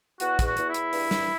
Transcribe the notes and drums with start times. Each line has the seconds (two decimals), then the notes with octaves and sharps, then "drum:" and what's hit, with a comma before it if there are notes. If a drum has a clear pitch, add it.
0.20 E2 F#4, drum: hi-hat
0.39 E2, drum: kick, hi-hat
0.45 F#4
0.57 E2, drum: hi-hat
0.69 E4
0.74 E2, drum: hi-hat
0.93 G2, drum: open hi-hat
1.11 G2, drum: snare